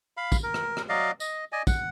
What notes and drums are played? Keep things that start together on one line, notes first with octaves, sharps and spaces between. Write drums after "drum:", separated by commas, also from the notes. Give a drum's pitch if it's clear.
F5 B5
drum: kick, tambourine
A#4
drum: rim click
drum: rim click
F#3 D5 D#5 F5
D#5, drum: tambourine
D5 D#5 G#5
F#5, drum: kick, tambourine